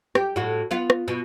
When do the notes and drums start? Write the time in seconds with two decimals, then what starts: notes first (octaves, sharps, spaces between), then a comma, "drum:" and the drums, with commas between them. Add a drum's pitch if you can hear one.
0.15 G4, drum: rim click
0.36 A2 F#4
0.71 B3 F4
0.90 drum: rim click
1.08 B2